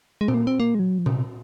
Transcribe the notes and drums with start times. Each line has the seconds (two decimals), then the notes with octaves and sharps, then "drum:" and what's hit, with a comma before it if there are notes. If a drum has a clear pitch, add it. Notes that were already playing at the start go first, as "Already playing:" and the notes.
0.21 G#3
0.28 C4, drum: tom A#2
0.34 A#3
0.47 C4
0.60 A#3
0.75 G#3
0.79 F#3
0.98 F3
1.06 C#3, drum: tom A#2
1.11 C3